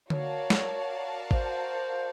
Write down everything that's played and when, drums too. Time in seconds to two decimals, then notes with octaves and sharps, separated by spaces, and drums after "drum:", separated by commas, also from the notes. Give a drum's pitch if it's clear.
0.10 F#4 A#4 C#5 D5 F5 A5, drum: tom D3
0.50 drum: snare
1.31 C5, drum: kick G#1